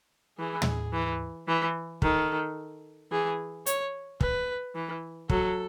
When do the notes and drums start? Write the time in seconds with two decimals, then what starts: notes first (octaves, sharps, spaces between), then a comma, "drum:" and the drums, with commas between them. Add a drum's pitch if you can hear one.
0.38 E3 G#4
0.62 drum: tom
0.93 E3
1.48 E3
2.02 D#3 A4, drum: kick
3.11 E3 G#4
3.66 C#5, drum: hi-hat
4.21 B4, drum: kick
4.75 E3
5.30 F#3 A4, drum: kick